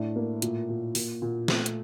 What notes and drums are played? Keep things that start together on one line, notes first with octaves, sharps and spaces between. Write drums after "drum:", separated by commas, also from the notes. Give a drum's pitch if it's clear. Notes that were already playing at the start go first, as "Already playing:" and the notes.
Already playing: A2 D4
A#3
A#2, drum: hi-hat
A#2
A#2, drum: open hi-hat
A#2
A3, drum: snare
drum: hi-hat